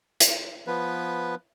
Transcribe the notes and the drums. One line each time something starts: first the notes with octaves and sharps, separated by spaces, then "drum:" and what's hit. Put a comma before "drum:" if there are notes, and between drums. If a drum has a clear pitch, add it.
drum: hi-hat
F3 B3 B4